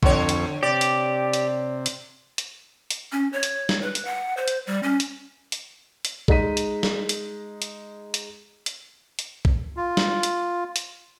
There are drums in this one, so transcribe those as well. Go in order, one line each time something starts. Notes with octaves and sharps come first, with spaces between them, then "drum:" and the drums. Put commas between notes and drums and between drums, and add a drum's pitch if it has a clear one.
F2 D3 C4 C#5 C#6, drum: kick A#1
drum: hi-hat
C3 G4 D5
drum: hi-hat
drum: hi-hat
drum: hi-hat
drum: hi-hat
drum: hi-hat
C#4
C#5
drum: hi-hat
drum: snare
B4
drum: hi-hat
F#5
C5
drum: hi-hat
G3
C#4
drum: hi-hat
drum: hi-hat
drum: hi-hat
G#3 D#4 D#5 B6 D#7, drum: kick A#1
drum: hi-hat
drum: snare
drum: hi-hat
drum: hi-hat
drum: hi-hat
drum: hi-hat
drum: hi-hat
drum: kick A#1
F4
drum: snare
drum: hi-hat
drum: hi-hat